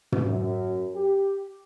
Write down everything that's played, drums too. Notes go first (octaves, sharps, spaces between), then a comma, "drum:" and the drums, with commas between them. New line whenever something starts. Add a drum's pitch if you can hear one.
drum: tom
F#2
G4